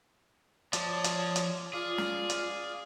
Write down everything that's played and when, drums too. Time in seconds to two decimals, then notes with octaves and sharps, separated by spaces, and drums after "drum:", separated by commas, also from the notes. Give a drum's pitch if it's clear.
0.73 F3 C#5 D5 A5 D#6, drum: hi-hat
1.04 drum: hi-hat
1.36 drum: hi-hat
1.73 F4 G#4 D5 F5
1.98 drum: snare
2.30 drum: hi-hat